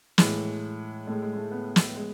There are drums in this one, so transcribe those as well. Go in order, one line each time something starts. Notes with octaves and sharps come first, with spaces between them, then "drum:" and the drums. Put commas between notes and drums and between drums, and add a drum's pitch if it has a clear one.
A2 E3 G#3, drum: snare
A2 G#3 A3
G#3
G#3
A3
B3
drum: snare
G#3